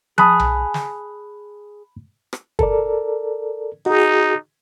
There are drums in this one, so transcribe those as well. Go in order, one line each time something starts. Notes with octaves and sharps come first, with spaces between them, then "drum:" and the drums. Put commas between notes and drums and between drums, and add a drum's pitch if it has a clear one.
G#4 A5 B5 F#6, drum: tom
drum: tom B1
drum: snare
drum: rim click
A4 A#4 D5, drum: kick
D#4 F#4 G#4